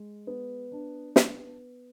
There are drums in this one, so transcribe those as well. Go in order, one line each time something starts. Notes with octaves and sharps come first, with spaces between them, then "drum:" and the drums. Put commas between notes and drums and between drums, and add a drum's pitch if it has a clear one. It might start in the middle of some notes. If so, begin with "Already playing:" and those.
Already playing: G#3
B3
D4
B3, drum: snare